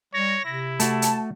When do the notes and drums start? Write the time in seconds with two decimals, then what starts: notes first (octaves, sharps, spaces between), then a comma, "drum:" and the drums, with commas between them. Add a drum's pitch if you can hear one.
0.14 G3 C#5 A#6
0.45 C3 E4
0.80 A3 F#4 A5, drum: hi-hat
1.02 drum: hi-hat